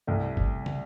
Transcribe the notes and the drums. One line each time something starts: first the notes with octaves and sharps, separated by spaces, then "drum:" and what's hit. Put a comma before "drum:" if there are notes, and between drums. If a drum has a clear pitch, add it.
C2 A3
drum: kick
drum: tom